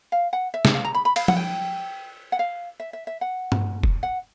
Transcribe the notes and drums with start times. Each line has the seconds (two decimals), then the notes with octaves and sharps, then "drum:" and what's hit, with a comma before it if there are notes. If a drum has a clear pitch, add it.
0.12 F5
0.33 F#5
0.54 E5
0.65 drum: snare
0.74 F5
0.85 A#5
0.94 B5
1.05 B5
1.16 F5, drum: cymbal
1.28 F#5, drum: tom F3
1.37 G5
2.32 F#5
2.39 F5
2.80 E5
2.93 E5
3.07 E5
3.21 F#5
3.52 drum: tom G2
3.83 drum: kick F1
4.03 F#5